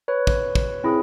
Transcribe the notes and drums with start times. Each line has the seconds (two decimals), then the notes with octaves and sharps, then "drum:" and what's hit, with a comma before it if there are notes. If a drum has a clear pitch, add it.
0.08 B4 C#5
0.27 drum: kick
0.55 drum: kick
0.84 C4 E4 G#4